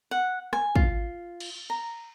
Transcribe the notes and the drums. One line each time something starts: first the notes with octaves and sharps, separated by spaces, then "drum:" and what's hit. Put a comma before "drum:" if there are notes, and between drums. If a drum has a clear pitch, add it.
F#5
G#5, drum: rim click
F4, drum: kick
drum: cymbal
A#5